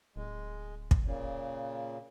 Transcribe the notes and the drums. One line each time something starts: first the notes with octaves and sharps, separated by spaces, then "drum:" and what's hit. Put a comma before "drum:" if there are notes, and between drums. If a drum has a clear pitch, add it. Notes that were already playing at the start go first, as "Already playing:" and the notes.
D1 G#3
drum: kick
A#2 C#3